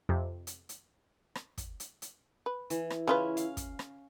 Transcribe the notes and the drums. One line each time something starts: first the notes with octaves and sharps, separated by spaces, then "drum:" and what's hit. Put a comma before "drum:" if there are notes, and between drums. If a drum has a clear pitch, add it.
F2 C3
drum: hi-hat
drum: hi-hat
drum: rim click
drum: kick, hi-hat
drum: hi-hat
drum: hi-hat
B4
E3, drum: hi-hat
drum: rim click
C#3 C#4 E4 F4 B4
F5, drum: hi-hat
drum: kick, hi-hat
drum: rim click